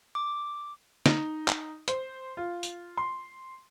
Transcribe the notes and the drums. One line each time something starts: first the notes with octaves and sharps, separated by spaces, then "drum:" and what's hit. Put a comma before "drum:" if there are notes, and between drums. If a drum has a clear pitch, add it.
D6
D#4, drum: snare
drum: clap
C5, drum: hi-hat
F4
drum: tambourine
C6